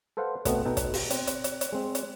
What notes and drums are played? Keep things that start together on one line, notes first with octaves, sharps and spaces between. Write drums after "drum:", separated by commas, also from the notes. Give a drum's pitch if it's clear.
A4 B4 C5 F5 F#5
B2 A3 B3 C4 D#5 F#5, drum: kick, hi-hat
B2 D#4 A4 G5
drum: kick, hi-hat
drum: open hi-hat
C4, drum: hi-hat
drum: hi-hat
drum: hi-hat
drum: hi-hat
G#3 C4
drum: hi-hat